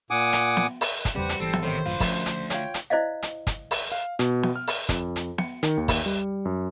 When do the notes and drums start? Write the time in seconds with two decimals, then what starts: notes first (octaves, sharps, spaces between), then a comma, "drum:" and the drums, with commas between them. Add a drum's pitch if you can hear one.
0.11 A#2 F#5 G#5 D6 D#6
0.33 drum: hi-hat
0.57 drum: snare B3
0.81 drum: open hi-hat
1.05 drum: kick, hi-hat
1.15 E2 C#3 G3 C4 F#4 G4 B4 C5
1.29 drum: hi-hat
1.40 G#1 E3 B3 C4 A4
1.53 drum: snare B3
1.63 A2 C3 D#3 C5
1.86 F#1 F#2 A2 D3 F4 B4
2.00 D2 F3 C#4, drum: kick, open hi-hat
2.26 drum: hi-hat
2.50 F4 C#5 G5, drum: hi-hat
2.74 drum: hi-hat
2.90 E4 C5 D5 D#5 F5
3.22 drum: hi-hat
3.47 drum: kick, hi-hat
3.71 drum: open hi-hat
3.92 F5
4.19 B2, drum: hi-hat
4.43 drum: snare B3
4.56 F6
4.67 drum: open hi-hat
4.89 F2, drum: kick, hi-hat
5.16 drum: hi-hat
5.38 C#7, drum: snare B3
5.63 D#3, drum: hi-hat
5.77 D#2
5.88 drum: kick, open hi-hat
6.06 G3
6.45 F#2